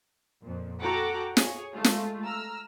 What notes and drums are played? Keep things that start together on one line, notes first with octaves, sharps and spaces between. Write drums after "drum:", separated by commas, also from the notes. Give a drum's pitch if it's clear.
F2 A#2
F#4 A4 F#5 G5 A#5 D6
G#4 C#5 G#5, drum: snare
G#3 A3 F4
drum: snare
A#5 E6 F6